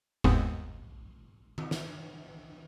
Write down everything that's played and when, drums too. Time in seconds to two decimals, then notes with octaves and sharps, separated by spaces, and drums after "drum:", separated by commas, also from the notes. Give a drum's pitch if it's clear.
0.24 D#2 G#2 B2 G#3 B3 C4, drum: kick F#1
1.58 drum: tom D#3
1.71 drum: snare